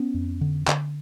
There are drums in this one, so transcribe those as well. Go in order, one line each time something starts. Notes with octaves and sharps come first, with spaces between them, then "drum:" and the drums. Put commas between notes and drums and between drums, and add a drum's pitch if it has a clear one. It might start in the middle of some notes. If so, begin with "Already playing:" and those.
Already playing: B3 C#4
F2
D3
D3, drum: clap